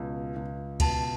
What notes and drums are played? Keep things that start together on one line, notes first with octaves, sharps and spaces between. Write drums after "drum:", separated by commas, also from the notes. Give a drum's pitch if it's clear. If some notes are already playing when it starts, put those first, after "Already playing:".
Already playing: C#2 B2
C#2
B2 A5, drum: kick C#2, cymbal